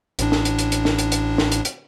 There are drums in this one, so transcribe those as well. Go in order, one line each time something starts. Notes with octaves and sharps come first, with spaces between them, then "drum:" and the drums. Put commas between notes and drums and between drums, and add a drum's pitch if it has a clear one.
A1 A2 D4, drum: hi-hat
drum: snare
drum: hi-hat
drum: hi-hat
drum: hi-hat
drum: snare
drum: hi-hat
drum: hi-hat
drum: snare
drum: hi-hat
drum: hi-hat